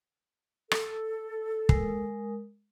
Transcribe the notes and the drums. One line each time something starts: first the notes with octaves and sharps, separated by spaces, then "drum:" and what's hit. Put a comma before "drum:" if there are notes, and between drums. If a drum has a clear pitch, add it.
A4, drum: rim click
G#3 A#4 D#6, drum: kick